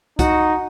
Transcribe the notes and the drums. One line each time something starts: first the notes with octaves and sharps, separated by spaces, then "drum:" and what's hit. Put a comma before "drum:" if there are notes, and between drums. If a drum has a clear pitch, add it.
D#4 F#4, drum: kick, hi-hat